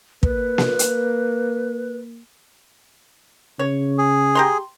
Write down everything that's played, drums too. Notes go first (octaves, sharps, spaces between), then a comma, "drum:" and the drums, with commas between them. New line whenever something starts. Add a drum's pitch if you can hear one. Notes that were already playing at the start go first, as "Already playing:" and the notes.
A#3 B4, drum: kick
drum: snare A#3
drum: hi-hat
C#3 C#5
G#4
G4 A#5 C6